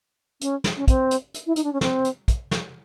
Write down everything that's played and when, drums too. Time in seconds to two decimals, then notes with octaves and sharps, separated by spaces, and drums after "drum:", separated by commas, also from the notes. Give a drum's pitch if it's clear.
0.41 C#4, drum: hi-hat
0.64 drum: snare
0.77 C#4
0.88 C4, drum: kick, hi-hat
1.11 drum: hi-hat
1.34 drum: hi-hat
1.47 E4
1.56 D#4, drum: hi-hat
1.64 D4
1.73 C#4
1.81 C4, drum: snare
2.05 drum: hi-hat
2.28 drum: kick, hi-hat
2.51 drum: snare